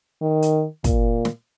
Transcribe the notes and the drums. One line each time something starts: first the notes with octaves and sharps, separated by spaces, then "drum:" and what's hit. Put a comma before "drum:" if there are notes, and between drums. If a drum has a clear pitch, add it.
D#3
drum: hi-hat
A#2, drum: kick, hi-hat
drum: snare